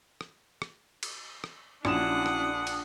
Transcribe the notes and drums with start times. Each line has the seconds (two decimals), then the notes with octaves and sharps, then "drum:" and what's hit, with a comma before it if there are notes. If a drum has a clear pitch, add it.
0.21 drum: rim click
0.62 drum: rim click
1.03 drum: cymbal
1.44 drum: rim click
1.85 A#1 C#4 D4 E4 F#4 F#5 D#6 E7, drum: rim click
2.26 drum: rim click
2.67 drum: cymbal